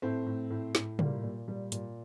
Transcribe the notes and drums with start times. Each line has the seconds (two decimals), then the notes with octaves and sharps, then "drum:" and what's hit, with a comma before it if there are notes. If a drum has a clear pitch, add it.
0.02 A2 A3 C4
0.26 A2
0.50 A2
0.75 A2, drum: snare
0.99 A#2 G3 A#3, drum: tom
1.23 A#2
1.47 A#2 G3
1.72 A#2, drum: hi-hat